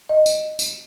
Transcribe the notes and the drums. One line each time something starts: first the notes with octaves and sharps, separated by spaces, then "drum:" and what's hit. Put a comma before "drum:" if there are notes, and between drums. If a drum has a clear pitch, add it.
D#5
drum: tambourine
drum: tambourine